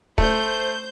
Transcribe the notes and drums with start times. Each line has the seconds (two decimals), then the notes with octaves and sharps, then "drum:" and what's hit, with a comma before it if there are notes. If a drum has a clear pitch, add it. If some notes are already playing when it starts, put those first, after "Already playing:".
0.18 A3 C5 G6, drum: kick